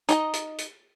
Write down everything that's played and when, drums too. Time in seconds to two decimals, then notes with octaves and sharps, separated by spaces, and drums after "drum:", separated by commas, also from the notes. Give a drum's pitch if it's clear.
0.09 D#4 D#5 A#5, drum: hi-hat
0.34 drum: hi-hat
0.58 drum: hi-hat